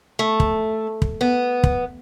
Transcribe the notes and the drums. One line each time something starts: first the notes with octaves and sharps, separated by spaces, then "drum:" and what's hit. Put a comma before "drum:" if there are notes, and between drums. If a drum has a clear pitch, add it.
A3
drum: kick
drum: kick
B3
drum: kick